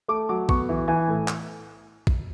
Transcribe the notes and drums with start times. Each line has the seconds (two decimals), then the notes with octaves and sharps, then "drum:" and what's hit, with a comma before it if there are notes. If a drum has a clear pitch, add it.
0.08 A3 D6
0.29 F#3 D6
0.49 B3 C#6, drum: kick A#1
0.69 E3
0.88 E3 G#5
1.08 A2
1.28 drum: clap
2.07 drum: kick A#1